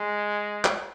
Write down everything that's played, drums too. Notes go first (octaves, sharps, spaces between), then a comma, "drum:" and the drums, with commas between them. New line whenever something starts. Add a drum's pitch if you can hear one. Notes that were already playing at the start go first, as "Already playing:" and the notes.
Already playing: G#3
drum: clap